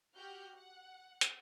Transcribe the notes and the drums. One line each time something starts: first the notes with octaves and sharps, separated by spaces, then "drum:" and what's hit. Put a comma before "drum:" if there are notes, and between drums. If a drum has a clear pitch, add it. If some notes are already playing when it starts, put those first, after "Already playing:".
F#4 G4 F#5 F6 G6
F#5
drum: hi-hat